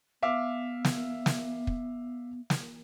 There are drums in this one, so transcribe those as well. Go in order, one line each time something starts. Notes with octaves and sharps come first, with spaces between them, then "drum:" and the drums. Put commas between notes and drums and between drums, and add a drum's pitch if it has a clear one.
B3 E5 F5 D6
drum: snare
drum: snare
drum: kick
drum: snare